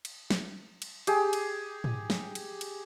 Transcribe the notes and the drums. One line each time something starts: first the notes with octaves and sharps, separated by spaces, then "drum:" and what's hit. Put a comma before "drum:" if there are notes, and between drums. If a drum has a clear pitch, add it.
drum: cymbal
drum: snare
drum: cymbal
G4 G#4, drum: cymbal
drum: cymbal
drum: tom
drum: snare
drum: cymbal
drum: cymbal